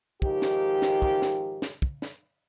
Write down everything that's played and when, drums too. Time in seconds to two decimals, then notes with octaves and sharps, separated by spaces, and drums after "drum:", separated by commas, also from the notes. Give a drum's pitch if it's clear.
0.22 G#2 D#3 F3 G4, drum: kick
0.42 drum: snare
0.82 drum: snare
1.02 drum: kick
1.22 drum: snare
1.62 drum: snare
1.82 drum: kick
2.02 drum: snare